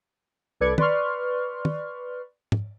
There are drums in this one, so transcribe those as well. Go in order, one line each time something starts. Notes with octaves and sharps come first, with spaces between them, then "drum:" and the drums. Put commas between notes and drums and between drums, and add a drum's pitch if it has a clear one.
C2 A4 B4 D5 G#6 C#7
B4 D5 C6 C#6 F6, drum: tom
drum: tom
drum: tom